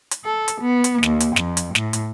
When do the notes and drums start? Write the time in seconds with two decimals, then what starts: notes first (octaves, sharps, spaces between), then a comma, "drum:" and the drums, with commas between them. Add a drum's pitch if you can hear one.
0.11 drum: hi-hat
0.25 A4
0.48 drum: hi-hat
0.62 B3
0.84 drum: hi-hat
1.03 D#2, drum: snare
1.20 drum: hi-hat
1.36 F2, drum: snare
1.57 drum: hi-hat
1.75 A2, drum: snare
1.93 drum: hi-hat